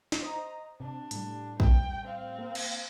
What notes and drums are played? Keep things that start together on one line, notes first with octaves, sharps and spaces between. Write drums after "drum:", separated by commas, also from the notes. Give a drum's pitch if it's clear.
drum: snare
C5 D#5 A#5
C3 D4
A2 G3, drum: hi-hat
G5, drum: kick
C4 F5
A#3
drum: cymbal